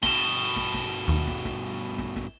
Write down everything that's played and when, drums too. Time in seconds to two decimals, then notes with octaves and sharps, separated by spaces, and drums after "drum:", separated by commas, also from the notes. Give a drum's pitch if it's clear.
0.03 G2 B2 E7 G7, drum: snare
0.56 drum: snare
0.74 drum: snare
1.08 D#2
1.27 drum: snare
1.45 drum: snare
1.98 drum: snare
2.16 drum: snare